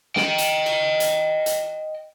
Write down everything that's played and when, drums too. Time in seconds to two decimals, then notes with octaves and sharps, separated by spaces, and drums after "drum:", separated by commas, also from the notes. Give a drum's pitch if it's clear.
0.16 D#5 G5, drum: snare
0.38 drum: hi-hat
0.66 drum: cymbal
1.00 drum: hi-hat
1.46 drum: hi-hat